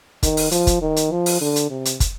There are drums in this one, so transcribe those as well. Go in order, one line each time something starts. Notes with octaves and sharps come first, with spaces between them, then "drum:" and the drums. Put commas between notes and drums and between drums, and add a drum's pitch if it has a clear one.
D#3, drum: kick, hi-hat
drum: open hi-hat
F3, drum: hi-hat
drum: kick, hi-hat
D#3
drum: hi-hat
F3
drum: open hi-hat
D3
drum: hi-hat
C3
drum: hi-hat
drum: kick, hi-hat